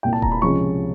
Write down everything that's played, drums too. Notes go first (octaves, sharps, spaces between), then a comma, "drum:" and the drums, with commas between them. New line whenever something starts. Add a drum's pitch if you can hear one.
C2 A#2 G3 G5
A5
A#5, drum: kick D#1
B5
C#2 C3 F3 G#3 C#4 C#6